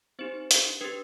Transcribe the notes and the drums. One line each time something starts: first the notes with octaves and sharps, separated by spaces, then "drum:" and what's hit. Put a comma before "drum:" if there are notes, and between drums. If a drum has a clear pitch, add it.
C4 D#4 G4 C5
D4 G4, drum: hi-hat
D4 G4 B4